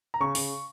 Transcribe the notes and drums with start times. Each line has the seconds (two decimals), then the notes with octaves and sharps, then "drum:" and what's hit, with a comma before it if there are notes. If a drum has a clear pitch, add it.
0.14 A#5
0.20 C#3 C#6
0.35 C#3, drum: open hi-hat